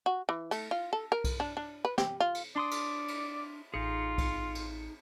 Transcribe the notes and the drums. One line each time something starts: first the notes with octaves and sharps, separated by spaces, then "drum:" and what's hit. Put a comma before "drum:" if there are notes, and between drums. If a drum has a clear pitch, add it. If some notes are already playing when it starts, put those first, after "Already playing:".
F#4
E3
A3, drum: cymbal
F4
A4
A#4
drum: kick B1, cymbal
D4
D4
B4
G4, drum: snare
F4
drum: cymbal
D4 D5 C6 D#6
drum: cymbal
drum: cymbal
A1 D#4 F4 G#4 C#7
drum: kick B1, cymbal
drum: cymbal